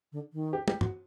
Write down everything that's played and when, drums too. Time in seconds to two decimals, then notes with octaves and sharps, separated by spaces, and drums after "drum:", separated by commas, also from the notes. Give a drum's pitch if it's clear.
0.12 D3
0.33 D#3
0.53 G4
0.68 G4, drum: tom
0.81 F#4, drum: tom